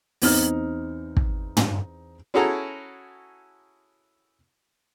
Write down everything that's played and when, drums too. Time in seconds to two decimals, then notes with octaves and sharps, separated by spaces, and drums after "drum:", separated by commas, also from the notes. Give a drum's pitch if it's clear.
0.22 E2 C4 D#4 F6, drum: open hi-hat
1.17 drum: kick
1.57 drum: tom
2.34 C#4 E4 F#4 G#4 A4 A#5